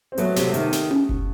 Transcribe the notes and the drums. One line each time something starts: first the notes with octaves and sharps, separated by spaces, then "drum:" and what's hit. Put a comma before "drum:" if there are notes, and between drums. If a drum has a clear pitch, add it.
C4
F#3 A3 B3, drum: hi-hat
C3, drum: snare
A3
D#3, drum: hi-hat
drum: snare
drum: tom C#4
drum: kick F#1